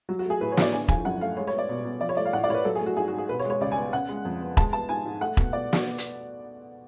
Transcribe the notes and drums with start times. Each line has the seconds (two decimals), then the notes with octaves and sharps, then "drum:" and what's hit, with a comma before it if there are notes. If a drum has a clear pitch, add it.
0.09 F#3 F#4
0.19 F#4
0.25 A3 G#4
0.41 A2 B4
0.52 C#5
0.57 A2 D5, drum: snare
0.72 D3 G#5
0.88 F3 G#5, drum: kick E1
1.05 F#2 F#5
1.21 A3 F5
1.37 G#3 C#5
1.47 C#5
1.53 B3
1.58 D5
1.69 B2
1.85 B2
2.01 F3 D5
2.09 C#5
2.17 A3 D5
2.25 F5
2.33 A2 F#5
2.44 D5
2.49 A2 C#5
2.54 B4
2.65 F#3 A4
2.75 G#4
2.81 A3
2.86 F#4
2.97 G#2 G#4
3.08 F#4
3.13 G#2
3.18 G#4
3.29 B2 B4
3.39 C#5
3.45 G#3
3.50 C#5
3.61 C#2 D5
3.72 G#5
3.77 B3
3.93 C#3 F#5
4.09 G#3
4.25 F2
4.41 B3
4.57 G#3 A5, drum: kick E1
4.73 B3 A5
4.89 G#2 G#5
5.05 G#2
5.21 A3 F#5
5.37 B2, drum: kick E1
5.53 B2 D5
5.73 drum: snare
5.98 drum: hi-hat